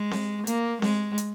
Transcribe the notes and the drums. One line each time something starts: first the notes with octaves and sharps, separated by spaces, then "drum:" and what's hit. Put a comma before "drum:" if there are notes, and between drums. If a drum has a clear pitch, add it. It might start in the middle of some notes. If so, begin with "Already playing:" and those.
Already playing: G#3
drum: snare C4
A#3, drum: hi-hat
G#3, drum: snare C4
drum: hi-hat